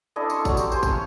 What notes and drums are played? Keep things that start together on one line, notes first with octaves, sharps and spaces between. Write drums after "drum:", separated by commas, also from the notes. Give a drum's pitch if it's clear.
D4 E4 A4 D#5
A5 C6 C#6, drum: tambourine
F#3, drum: kick G#1, tambourine
G4, drum: tambourine
C5 G#5, drum: tambourine
drum: kick G#1, tambourine
C#5 F5